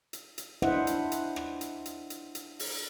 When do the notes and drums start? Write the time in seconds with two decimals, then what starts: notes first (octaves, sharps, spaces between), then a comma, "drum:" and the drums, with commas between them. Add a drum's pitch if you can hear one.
0.13 drum: hi-hat
0.38 drum: hi-hat
0.62 D4 E4 C5 D#5 E5 F#5, drum: rim click
0.87 drum: hi-hat
1.12 drum: hi-hat
1.36 drum: rim click
1.61 drum: hi-hat
1.86 drum: hi-hat
2.10 drum: hi-hat
2.35 drum: hi-hat
2.59 drum: open hi-hat